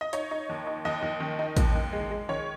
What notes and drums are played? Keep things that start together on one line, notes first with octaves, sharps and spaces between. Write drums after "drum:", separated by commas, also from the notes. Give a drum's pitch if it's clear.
D#5
D#4 C#5, drum: hi-hat
D#4
D#2
D#4
D#2 D#5
D#2
D#3
D#4
D#2, drum: kick A1, hi-hat
D#2
G#3
G#3
D#3 C#5